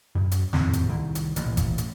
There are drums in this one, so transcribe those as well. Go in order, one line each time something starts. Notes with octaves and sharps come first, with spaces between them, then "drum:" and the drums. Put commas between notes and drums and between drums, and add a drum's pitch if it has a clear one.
F#2
drum: hi-hat
D#1 F2 A2 C4, drum: snare
drum: hi-hat
C2 D#3
drum: hi-hat
A1 A#2, drum: hi-hat
drum: kick G1, hi-hat
drum: hi-hat